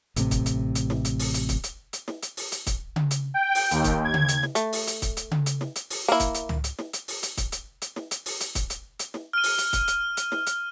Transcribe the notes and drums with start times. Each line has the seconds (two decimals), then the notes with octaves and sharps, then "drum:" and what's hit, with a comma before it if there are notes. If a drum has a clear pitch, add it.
0.16 A1 A2 C3, drum: hi-hat
0.31 drum: kick, hi-hat
0.46 drum: hi-hat
0.75 drum: hi-hat
0.90 drum: snare
1.05 drum: hi-hat
1.19 drum: open hi-hat
1.34 drum: hi-hat
1.49 drum: kick, hi-hat
1.63 drum: hi-hat
1.93 drum: hi-hat
2.08 drum: snare
2.22 drum: hi-hat
2.37 drum: open hi-hat
2.52 drum: hi-hat
2.67 drum: kick, hi-hat
2.96 drum: tom C#3
3.11 drum: hi-hat
3.34 G5
3.55 drum: open hi-hat
3.71 D#2, drum: hi-hat
3.84 drum: kick, hi-hat
4.04 G#6
4.14 drum: tom C#3
4.28 drum: hi-hat
4.43 drum: snare
4.55 A3, drum: hi-hat
4.73 drum: open hi-hat
4.87 drum: hi-hat
5.02 drum: kick, hi-hat
5.17 drum: hi-hat
5.31 drum: tom C#3
5.46 drum: hi-hat
5.61 drum: snare
5.76 drum: hi-hat
5.90 drum: open hi-hat
6.08 A#3 E4
6.20 drum: kick, hi-hat
6.34 drum: hi-hat
6.49 drum: tom
6.64 drum: hi-hat
6.79 drum: snare
6.93 drum: hi-hat
7.08 drum: open hi-hat
7.23 drum: hi-hat
7.37 drum: kick, hi-hat
7.52 drum: hi-hat
7.82 drum: hi-hat
7.96 drum: snare
8.11 drum: hi-hat
8.26 drum: open hi-hat
8.40 drum: hi-hat
8.55 drum: kick, hi-hat
8.70 drum: hi-hat
8.99 drum: hi-hat
9.14 drum: snare
9.33 F6 D#7
9.43 drum: open hi-hat
9.58 drum: hi-hat
9.73 drum: kick, hi-hat
9.88 drum: hi-hat
10.17 drum: hi-hat
10.32 drum: snare
10.46 drum: hi-hat